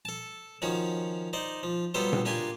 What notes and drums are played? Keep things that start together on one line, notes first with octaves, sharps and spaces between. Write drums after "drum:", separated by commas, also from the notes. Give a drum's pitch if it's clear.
A4 A5
D#3 F3 C#4 F#4
D#4 C5 D5
F3
F#3 G3 B3 F4 A4 C5
drum: tom A#2
A#3 D4 F4 G4 G#5